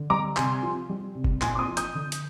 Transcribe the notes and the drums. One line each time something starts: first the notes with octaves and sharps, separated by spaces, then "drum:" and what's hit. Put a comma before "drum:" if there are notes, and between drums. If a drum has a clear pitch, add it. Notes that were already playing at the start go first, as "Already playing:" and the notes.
Already playing: D3
G3 A#5 D6
C3 G#5 C6, drum: clap
F3
G3
C3
drum: kick F#1
A#2 G#5 C6, drum: clap
D6
C6 D#6
F3
D#6 G6, drum: hi-hat
D3
drum: hi-hat